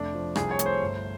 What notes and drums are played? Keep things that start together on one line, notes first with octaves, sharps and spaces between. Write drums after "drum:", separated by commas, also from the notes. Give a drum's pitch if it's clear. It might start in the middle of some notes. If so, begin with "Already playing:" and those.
Already playing: F1 A3 D4
F3
C2 G#4, drum: rim click
C#5
A3, drum: hi-hat
C5
G1